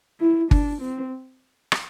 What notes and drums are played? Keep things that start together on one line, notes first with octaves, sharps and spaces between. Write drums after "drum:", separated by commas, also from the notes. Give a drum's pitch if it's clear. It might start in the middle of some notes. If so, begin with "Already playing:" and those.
E4
D4, drum: kick G1
C4
drum: rim click